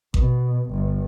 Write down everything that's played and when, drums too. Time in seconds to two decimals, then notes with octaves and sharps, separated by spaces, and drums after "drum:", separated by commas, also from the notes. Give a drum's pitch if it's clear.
0.14 B2, drum: kick A1
0.71 G1